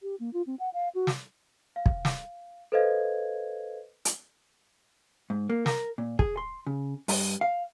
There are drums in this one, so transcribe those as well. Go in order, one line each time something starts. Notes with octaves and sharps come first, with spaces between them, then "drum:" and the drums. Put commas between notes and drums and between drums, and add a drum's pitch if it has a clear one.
G4
A#3
F4
C4
F#5
F5
F#4
drum: snare
F5
drum: kick
drum: snare
A4 B4 C5 D#5 F5 G#6
drum: hi-hat
G#2
A#3
A#4, drum: snare
A#2
G#4, drum: kick
C6
C#3
G2, drum: open hi-hat
F5